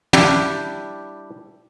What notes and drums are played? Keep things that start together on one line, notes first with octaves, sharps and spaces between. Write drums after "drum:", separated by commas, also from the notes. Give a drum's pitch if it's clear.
G3 D4 E4 G4, drum: tom